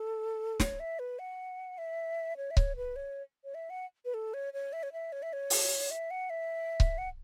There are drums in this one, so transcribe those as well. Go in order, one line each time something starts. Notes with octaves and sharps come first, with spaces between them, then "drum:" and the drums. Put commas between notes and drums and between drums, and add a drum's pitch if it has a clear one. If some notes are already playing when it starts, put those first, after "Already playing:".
Already playing: A4
C#5, drum: snare
E5
B4
F#5
E5
C#5
E5
C#5, drum: kick C#1
B4
C#5
C#5
E5
F#5
B4
A4
C#5
C#5
E5
C#5
E5
C#5
E5
C#5
drum: open hi-hat
E5
F#5
E5
drum: kick C#1
F#5